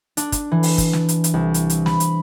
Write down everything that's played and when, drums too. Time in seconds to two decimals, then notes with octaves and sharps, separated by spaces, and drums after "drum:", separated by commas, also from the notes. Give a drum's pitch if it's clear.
0.17 D4, drum: hi-hat
0.32 drum: kick, hi-hat
0.52 E3
0.63 drum: open hi-hat
0.78 drum: kick, hi-hat
0.93 drum: snare
1.09 drum: hi-hat
1.24 drum: hi-hat
1.34 C2
1.54 drum: hi-hat
1.70 drum: hi-hat
1.86 B5, drum: snare
2.00 drum: hi-hat